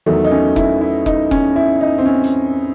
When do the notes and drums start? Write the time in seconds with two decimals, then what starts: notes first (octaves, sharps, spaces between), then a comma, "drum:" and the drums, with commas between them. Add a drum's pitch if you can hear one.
0.06 E2 D#3 F#3 A3
0.25 D#4
0.31 C#4
0.56 E4, drum: kick F1
0.81 E4
1.06 D#4, drum: kick F1
1.31 C#4, drum: kick F1
1.56 E4
1.81 D#4
1.99 C4
2.06 C#4
2.24 drum: hi-hat